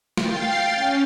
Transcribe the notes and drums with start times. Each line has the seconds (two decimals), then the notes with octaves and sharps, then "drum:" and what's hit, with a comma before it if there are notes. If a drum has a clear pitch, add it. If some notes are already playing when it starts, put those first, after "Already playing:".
0.17 F5 G5 A6 C7, drum: snare
0.72 C#4